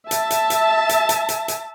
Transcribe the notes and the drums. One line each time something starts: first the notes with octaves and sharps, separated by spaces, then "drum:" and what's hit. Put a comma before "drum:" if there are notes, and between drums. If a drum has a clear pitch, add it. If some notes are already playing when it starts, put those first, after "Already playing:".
E5 A5, drum: hi-hat
drum: hi-hat
drum: hi-hat
drum: hi-hat
drum: hi-hat
drum: hi-hat
drum: hi-hat